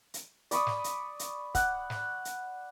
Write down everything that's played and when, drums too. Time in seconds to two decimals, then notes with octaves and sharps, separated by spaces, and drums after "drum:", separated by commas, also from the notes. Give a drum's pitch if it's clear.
0.14 drum: hi-hat
0.51 D5 B5 C#6 D#6, drum: hi-hat
0.67 drum: snare
0.84 drum: hi-hat
1.19 drum: hi-hat
1.55 F#5, drum: kick, hi-hat
1.90 drum: snare
2.25 drum: hi-hat